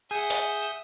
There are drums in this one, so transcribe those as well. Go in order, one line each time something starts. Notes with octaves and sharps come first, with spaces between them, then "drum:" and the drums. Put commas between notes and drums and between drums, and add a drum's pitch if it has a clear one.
G#4 E5 F#5 D#6 G6
drum: open hi-hat